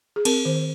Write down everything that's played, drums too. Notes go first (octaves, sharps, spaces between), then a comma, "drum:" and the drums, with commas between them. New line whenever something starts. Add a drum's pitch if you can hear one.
G#4
C4 A#4, drum: cymbal
D#3 C5